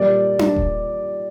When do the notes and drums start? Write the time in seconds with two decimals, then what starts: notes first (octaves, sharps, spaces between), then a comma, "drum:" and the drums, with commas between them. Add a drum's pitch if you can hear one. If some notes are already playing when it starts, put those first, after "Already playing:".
Already playing: A#2 G3 A#3 D5
0.39 drum: tom D4
0.56 drum: kick D#1